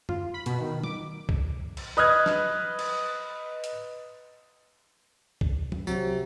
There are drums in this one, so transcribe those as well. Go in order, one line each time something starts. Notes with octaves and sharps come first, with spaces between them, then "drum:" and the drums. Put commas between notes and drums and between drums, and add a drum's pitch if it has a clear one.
F4, drum: tom F#2
B5
B2, drum: hi-hat
D#3
D6, drum: tom
drum: kick C2
drum: cymbal
B4 D#5 D#6 F6 F#6 G#6
drum: snare
drum: cymbal
drum: hi-hat
drum: kick C2
drum: tom
C3 F#3, drum: tambourine